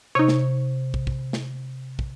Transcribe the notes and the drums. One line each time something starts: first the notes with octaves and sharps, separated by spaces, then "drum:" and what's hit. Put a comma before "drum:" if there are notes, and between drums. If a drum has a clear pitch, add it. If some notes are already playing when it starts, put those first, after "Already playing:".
C3 D#4 C#5
drum: snare
drum: kick
drum: kick
drum: snare
drum: kick